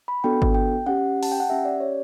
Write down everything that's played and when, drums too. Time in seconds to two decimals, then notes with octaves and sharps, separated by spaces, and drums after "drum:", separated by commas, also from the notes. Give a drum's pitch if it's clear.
0.08 B5
0.24 B3 D4 F#4 A4 G5
0.42 drum: kick G#1
0.55 G5
0.86 C#4 G4 F#5
1.23 A5, drum: open hi-hat
1.32 G5
1.40 F#5
1.49 C#4 G4 E5
1.65 D5
1.80 C#5